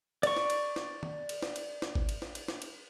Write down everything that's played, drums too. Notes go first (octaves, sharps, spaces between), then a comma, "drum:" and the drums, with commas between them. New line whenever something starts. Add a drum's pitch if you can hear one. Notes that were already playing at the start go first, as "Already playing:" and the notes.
D5 C#6, drum: cymbal
drum: snare
drum: cymbal
drum: snare
drum: tom
drum: cymbal
drum: snare
drum: cymbal
drum: snare
drum: kick G#1
drum: cymbal
drum: snare
drum: cymbal
drum: snare
drum: cymbal